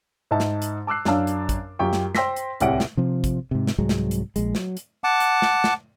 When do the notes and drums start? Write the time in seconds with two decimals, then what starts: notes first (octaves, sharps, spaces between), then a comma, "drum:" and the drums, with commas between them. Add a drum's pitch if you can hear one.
0.31 G#2 D#4 E5 A5
0.40 drum: snare
0.62 drum: hi-hat
0.87 A5 D6 E6 F#6 C7
1.05 F#2 D4 C#5 F5 A5 E6, drum: snare
1.27 drum: hi-hat
1.49 drum: kick, hi-hat
1.79 F#2 F4 G4 G5 C#6
1.93 drum: snare
2.15 C5 G5 C6 E6 A#6 B6, drum: snare
2.36 drum: hi-hat
2.60 D1 C2 G4 C#5 F#5 D7, drum: hi-hat
2.80 drum: snare
2.97 C3 F3 C4
3.24 drum: kick, hi-hat
3.51 G#2 C3
3.67 drum: snare
3.78 C2 G#2 F#3 G#3
3.89 drum: snare
4.11 drum: hi-hat
4.36 A#1 G#3, drum: hi-hat
4.55 F#3, drum: snare
4.77 drum: hi-hat
5.04 F#5 A5 D6
5.20 drum: hi-hat
5.42 drum: snare
5.64 drum: snare